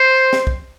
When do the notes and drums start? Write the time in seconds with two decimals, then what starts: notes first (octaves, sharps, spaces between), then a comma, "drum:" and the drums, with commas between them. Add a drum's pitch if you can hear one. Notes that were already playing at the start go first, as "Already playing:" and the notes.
Already playing: C5
0.33 drum: snare
0.47 drum: kick